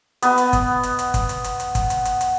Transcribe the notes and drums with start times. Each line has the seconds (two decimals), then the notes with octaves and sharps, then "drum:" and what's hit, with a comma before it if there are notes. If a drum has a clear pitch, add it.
0.22 B3 D#5, drum: hi-hat
0.38 drum: hi-hat
0.53 drum: kick, hi-hat
0.83 drum: hi-hat
0.99 drum: hi-hat
1.14 drum: kick, hi-hat
1.29 drum: hi-hat
1.44 drum: hi-hat
1.60 drum: hi-hat
1.75 drum: kick, hi-hat
1.90 drum: hi-hat
2.05 drum: hi-hat
2.21 drum: hi-hat